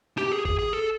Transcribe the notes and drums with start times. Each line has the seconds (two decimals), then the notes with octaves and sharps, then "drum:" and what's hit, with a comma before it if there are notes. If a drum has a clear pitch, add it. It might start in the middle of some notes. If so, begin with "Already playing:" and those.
0.18 G4, drum: rim click
0.32 G#4
0.45 G#4, drum: kick G1
0.59 G#4
0.73 A4